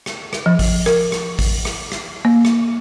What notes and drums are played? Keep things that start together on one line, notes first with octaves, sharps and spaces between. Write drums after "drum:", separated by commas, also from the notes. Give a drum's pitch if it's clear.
drum: rim click
drum: rim click
F3
drum: kick A1, open hi-hat
A#4, drum: rim click
drum: rim click
drum: kick A1, open hi-hat
drum: rim click
drum: rim click
A#3
drum: rim click